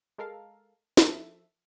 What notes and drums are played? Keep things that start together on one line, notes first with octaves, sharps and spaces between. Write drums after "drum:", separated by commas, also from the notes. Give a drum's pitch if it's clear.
G#3 A4 A#4 F5
F3 A4 E5, drum: snare